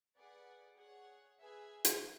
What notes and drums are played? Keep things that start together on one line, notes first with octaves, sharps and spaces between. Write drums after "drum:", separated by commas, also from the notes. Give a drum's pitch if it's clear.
G#4 B4 D5 F#5
G#4 C#5 F#5
G#4 B4 E5 G#5
drum: hi-hat